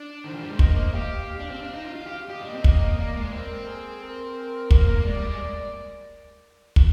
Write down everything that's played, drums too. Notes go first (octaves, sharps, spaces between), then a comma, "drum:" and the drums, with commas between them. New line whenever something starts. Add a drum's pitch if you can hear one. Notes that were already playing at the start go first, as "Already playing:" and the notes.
Already playing: D4
D#3 C5
F3
G3
G#3
A#3 D#5, drum: kick
A#3
G4 F5
D4
C4
D4 F5
D#4
F4
F4 F5
G4
G4 D#5
D4
A#3
C4
A#3, drum: kick
A#3 D5
G#3
C4 A#4
G#4
A#4
A#3, drum: kick
A#3
G#3 D5
G3
G#3
drum: kick